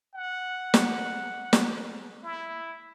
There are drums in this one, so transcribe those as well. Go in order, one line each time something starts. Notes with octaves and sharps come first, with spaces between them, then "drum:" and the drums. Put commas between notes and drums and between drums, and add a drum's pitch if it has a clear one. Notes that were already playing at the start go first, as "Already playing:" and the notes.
F#5
drum: snare
drum: snare
E4